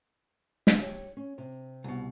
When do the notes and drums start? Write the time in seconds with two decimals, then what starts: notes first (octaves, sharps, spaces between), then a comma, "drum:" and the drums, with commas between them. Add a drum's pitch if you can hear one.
0.67 drum: snare
0.79 G4 C#5
1.17 C#4
1.38 C3
1.84 C2 B2